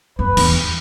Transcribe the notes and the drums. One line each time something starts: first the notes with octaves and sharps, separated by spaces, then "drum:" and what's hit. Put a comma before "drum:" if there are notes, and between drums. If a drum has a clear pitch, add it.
F#2 B4
E2, drum: cymbal